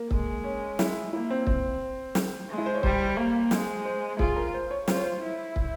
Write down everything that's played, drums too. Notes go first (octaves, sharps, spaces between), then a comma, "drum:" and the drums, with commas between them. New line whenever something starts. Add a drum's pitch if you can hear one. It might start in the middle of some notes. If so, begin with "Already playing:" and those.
Already playing: A#3
G#3, drum: kick
C#4
E4, drum: snare
A#3 E4
C4
C4, drum: kick
drum: snare
G#3
E4
C5
C#5
G3 C5, drum: kick
A#3
G#3, drum: snare
C5
F4 G#4, drum: kick
A#4
C5
C#5
F4 C5, drum: snare
C#5
C5
E4
drum: kick